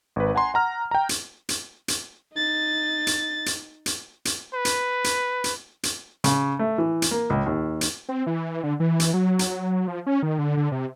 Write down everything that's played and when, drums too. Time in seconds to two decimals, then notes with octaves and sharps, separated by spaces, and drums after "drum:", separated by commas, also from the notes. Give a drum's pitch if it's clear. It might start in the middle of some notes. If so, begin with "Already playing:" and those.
0.16 G#1 B4
0.35 F#5 G#5 A#5 C6
0.54 F#5 A#5 F6
0.91 G5 A#5
1.09 drum: hi-hat
1.49 drum: hi-hat
1.88 drum: hi-hat
2.33 D#4 A6
3.07 drum: hi-hat
3.46 drum: hi-hat
3.86 drum: hi-hat
4.25 drum: hi-hat
4.54 B4
4.65 drum: hi-hat
5.04 drum: hi-hat
5.44 drum: hi-hat
5.83 drum: hi-hat
6.24 C#3, drum: hi-hat
6.59 A3
6.78 E3
7.02 drum: hi-hat
7.11 A#3
7.30 C#2
7.46 D#2
7.81 drum: hi-hat
8.09 C4
8.27 E3
8.63 D3
8.80 E3
9.00 drum: hi-hat
9.14 F#3
9.39 drum: hi-hat
9.88 F3
10.07 C#4
10.23 D#3
10.39 D3
10.57 D3
10.72 C3